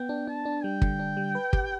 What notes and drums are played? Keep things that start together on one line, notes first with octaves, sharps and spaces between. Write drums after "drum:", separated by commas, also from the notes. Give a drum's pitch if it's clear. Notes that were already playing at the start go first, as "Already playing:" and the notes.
Already playing: B3 G5
D4
D4 A5
D4
G3 G5
D3, drum: kick
D4
G3
B4
G4, drum: kick